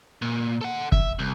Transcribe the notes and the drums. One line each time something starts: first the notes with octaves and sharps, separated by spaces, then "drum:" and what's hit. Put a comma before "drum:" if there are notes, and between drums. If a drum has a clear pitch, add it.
A#2
A4 F#5
E5, drum: kick
C2